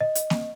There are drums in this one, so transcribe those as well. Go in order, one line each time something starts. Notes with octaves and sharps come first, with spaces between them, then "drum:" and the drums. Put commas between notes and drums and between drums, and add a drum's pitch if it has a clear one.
D#5
drum: hi-hat
drum: snare A#3